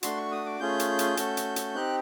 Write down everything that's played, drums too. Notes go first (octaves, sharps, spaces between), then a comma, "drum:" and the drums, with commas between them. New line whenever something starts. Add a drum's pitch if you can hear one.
A3 D4 F#4 C6, drum: hi-hat
C#6
D#6
D6
A3 C#4 F4 G#4 G6
drum: hi-hat
drum: hi-hat
A3 C#4 F#4 A4, drum: hi-hat
drum: hi-hat
drum: hi-hat
C4 D#4 G4 F#6